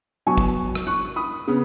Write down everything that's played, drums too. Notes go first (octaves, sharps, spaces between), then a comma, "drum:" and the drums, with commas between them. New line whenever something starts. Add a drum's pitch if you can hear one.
B2 F#3 B3 G#5 C#6
drum: kick
drum: rim click
C#6 F#6
B5 D#6
C#3 B3